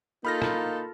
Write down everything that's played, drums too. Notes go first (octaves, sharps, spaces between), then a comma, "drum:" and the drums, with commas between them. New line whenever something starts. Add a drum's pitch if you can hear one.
A#3 D#4 F4 A4 B5 F6 A#6
drum: rim click